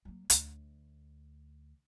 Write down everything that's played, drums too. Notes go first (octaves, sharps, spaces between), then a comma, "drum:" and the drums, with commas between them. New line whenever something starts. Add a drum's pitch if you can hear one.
F#3 A#3
D2, drum: hi-hat